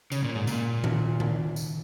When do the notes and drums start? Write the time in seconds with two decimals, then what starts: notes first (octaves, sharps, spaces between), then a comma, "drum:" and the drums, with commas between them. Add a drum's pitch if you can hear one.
0.12 C#3, drum: tambourine
0.24 A#2
0.35 G#2
0.47 A#2, drum: tambourine
0.84 drum: tom D#3
1.20 drum: tom D#3
1.56 drum: tambourine